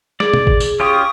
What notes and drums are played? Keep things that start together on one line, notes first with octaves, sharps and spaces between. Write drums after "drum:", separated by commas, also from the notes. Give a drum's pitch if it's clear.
G#4 D5, drum: snare
drum: tom
drum: kick G#1
drum: tambourine
C#4 F4 G4 C#6 D#6